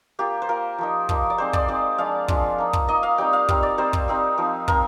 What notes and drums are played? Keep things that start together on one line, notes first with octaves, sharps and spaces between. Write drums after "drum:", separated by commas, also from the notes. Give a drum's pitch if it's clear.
A#3 F4 G4
C5
A#3 F4 A#4
F3 A#3 D#4
F3 A#3 D#4, drum: kick
D5
G#3 C4 D#4 C5
D5, drum: kick
G#3 C4 D#4 D5
F3 G#3 D4 F4 F5
F3 G#3 D4 F4, drum: kick
A#3 D#4
drum: kick
A#3 D#4 D#5
F5
G3 C4 D#4 G5
F5
G3 C4 D#4, drum: kick
D5
G3 C4 D#4 C5
drum: kick
G3 C4 D#4
F3 C4 D#4
F3 C4 D#4 A#4, drum: kick